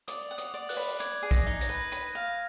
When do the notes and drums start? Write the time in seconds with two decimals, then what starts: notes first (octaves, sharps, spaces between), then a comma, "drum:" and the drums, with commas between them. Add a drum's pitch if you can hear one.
0.08 D5 D#6, drum: hi-hat
0.31 F#5
0.38 D#6, drum: hi-hat
0.54 D5
0.69 F#6, drum: open hi-hat
0.77 B5
1.00 D5 G#6, drum: hi-hat
1.22 G#4
1.31 A#6, drum: kick B1, hi-hat
1.46 D#4
1.61 A#6, drum: hi-hat
1.69 B4
1.92 B5 D#7, drum: hi-hat
2.15 F5